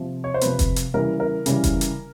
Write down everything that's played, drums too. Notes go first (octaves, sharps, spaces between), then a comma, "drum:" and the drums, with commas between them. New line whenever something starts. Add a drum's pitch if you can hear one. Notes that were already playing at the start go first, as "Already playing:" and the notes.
Already playing: C3 F3
C#5
C5
C3 F3 B4, drum: hi-hat
drum: kick F1, hi-hat
drum: hi-hat
C#3 E3 G3 A#4
A#4
C#3 E3 G3, drum: hi-hat
drum: kick F1, hi-hat
drum: hi-hat